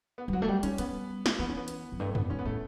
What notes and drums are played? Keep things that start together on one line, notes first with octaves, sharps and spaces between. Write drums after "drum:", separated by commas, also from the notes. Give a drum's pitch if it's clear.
B3
G3
F#3 F#4
A3
G3
A3 C#4, drum: hi-hat
G3 B3, drum: hi-hat
drum: snare
E3 B3
C#4
B3
drum: hi-hat
F#2
G2 A3
E2 B3, drum: tom
G2 C#4
B3
A2 A3